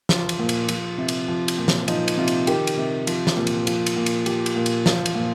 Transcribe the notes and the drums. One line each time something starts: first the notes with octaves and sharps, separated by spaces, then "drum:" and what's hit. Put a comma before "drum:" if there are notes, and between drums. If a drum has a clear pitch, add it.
F3 F4, drum: snare
drum: cymbal
A#2
drum: cymbal
F3, drum: cymbal
C3
drum: cymbal
F3
drum: cymbal
A#2
drum: snare
F3 D#4, drum: cymbal
drum: cymbal
C3 F4
drum: cymbal
D#3 G4, drum: cymbal
drum: cymbal
C3
F3, drum: cymbal
drum: snare
A#2
drum: cymbal
F3, drum: cymbal
drum: cymbal
A#2
drum: cymbal
F3 G4, drum: cymbal
drum: cymbal
A#2
drum: cymbal
F3 F4, drum: snare
drum: cymbal
A#2